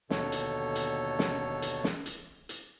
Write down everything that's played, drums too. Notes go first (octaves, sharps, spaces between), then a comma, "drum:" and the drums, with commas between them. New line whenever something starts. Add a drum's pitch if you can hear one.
D#2 B2 D3 A4 C#5, drum: snare
drum: hi-hat
drum: hi-hat
drum: snare
drum: hi-hat
drum: snare
drum: hi-hat
drum: hi-hat